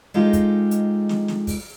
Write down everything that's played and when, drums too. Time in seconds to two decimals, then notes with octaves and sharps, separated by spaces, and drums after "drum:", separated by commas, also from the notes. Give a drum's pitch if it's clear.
0.14 G#3 D#4 F4 G4 A4 D#5
0.33 drum: kick, hi-hat
0.71 drum: hi-hat
1.09 drum: snare
1.28 drum: snare
1.47 drum: kick, open hi-hat